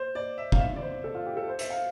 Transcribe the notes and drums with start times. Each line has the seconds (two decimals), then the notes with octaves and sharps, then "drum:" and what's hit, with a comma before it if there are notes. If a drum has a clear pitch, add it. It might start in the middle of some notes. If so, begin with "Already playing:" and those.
Already playing: C5
0.15 D5
0.38 E5
0.52 F5, drum: kick
0.59 E5
0.76 D5
0.82 C5
1.04 A4
1.15 F4
1.26 G4
1.37 A4
1.48 C5
1.59 E5, drum: hi-hat
1.70 F5